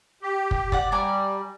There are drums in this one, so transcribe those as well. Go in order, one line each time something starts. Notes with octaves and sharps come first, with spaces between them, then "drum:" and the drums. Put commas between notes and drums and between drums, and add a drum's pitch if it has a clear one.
G4
drum: kick
D5 F#5, drum: kick
G3 D5 G#5 A#5